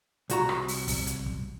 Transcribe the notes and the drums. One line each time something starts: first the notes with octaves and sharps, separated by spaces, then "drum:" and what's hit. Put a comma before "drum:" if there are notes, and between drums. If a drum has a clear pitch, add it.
C2 F#4 A#5, drum: hi-hat
drum: rim click
drum: open hi-hat
drum: kick, open hi-hat
drum: hi-hat
drum: kick